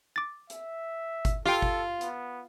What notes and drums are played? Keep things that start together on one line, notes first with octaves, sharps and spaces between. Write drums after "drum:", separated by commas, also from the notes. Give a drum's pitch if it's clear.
D6 A6
E5, drum: hi-hat
drum: kick G1, hi-hat
F4 G4 A4 F5 G5
drum: kick G1
B3, drum: hi-hat